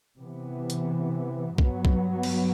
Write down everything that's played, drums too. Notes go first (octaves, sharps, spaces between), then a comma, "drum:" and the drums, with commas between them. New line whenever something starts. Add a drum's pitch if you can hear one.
C3 E3 B3
drum: hi-hat
G2 F#3 B3, drum: kick
drum: kick
drum: cymbal